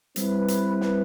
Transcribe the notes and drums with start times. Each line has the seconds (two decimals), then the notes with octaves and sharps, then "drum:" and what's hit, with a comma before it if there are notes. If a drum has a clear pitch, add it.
0.16 G3 C4 E4 B4, drum: hi-hat
0.48 drum: hi-hat
0.81 drum: snare